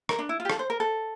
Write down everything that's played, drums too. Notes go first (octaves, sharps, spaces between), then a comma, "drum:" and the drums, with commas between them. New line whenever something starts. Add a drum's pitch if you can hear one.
A#4, drum: rim click
D4
E4
F4
G4
A4, drum: rim click
C5
A#4
A4